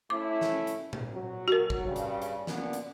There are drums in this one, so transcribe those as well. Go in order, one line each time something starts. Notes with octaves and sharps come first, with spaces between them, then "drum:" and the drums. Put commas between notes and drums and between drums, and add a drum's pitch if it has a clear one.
A3 C#4 E4 D6
drum: snare
drum: hi-hat
drum: tom A#2
F#3
F#4 A#4
drum: kick
G2 C#3
drum: hi-hat
drum: hi-hat
A#2 D3 B3, drum: snare
drum: hi-hat